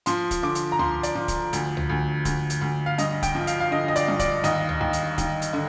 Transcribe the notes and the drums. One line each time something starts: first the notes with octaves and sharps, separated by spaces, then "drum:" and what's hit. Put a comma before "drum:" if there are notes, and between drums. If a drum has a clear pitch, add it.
F3 C6, drum: hi-hat
drum: kick D1, hi-hat
D3 D6
drum: hi-hat
A#5
F3 C6, drum: tom C#2
D5, drum: hi-hat
F3
drum: kick D1, hi-hat
D2, drum: hi-hat
drum: tom C#2
D2
D2, drum: kick D1, hi-hat
drum: hi-hat
D2
F5
G2 D#5, drum: hi-hat
G5, drum: kick D1, hi-hat
F3
F5, drum: hi-hat
F5
D3 D#5
D#5
D5, drum: hi-hat
G2
D5, drum: kick D1, hi-hat
D#2 D#5, drum: hi-hat
drum: tom C#2
D#2
drum: hi-hat
D#2, drum: kick D1, hi-hat
drum: hi-hat
D3